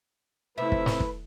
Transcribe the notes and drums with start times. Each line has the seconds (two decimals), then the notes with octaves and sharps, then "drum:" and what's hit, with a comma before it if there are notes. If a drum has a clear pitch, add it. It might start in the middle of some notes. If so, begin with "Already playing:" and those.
0.58 C3 F3 A3 E4 B4 E5
0.72 drum: kick
0.86 drum: snare
1.00 drum: kick